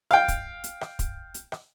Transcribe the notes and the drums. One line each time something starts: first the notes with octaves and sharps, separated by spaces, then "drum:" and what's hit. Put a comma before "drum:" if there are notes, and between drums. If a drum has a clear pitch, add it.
F5 G5, drum: rim click
drum: kick, hi-hat
drum: hi-hat
drum: rim click
drum: kick, hi-hat
drum: hi-hat
drum: rim click